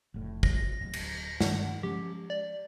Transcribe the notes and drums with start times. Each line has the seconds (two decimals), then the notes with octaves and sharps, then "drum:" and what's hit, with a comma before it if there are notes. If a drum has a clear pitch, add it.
0.14 F1 A2
0.43 A#6, drum: kick
0.81 D1
0.93 drum: cymbal
1.41 G2 D#3 D4 F#5, drum: snare
1.83 F3 G#3 C#4 G4
2.30 D5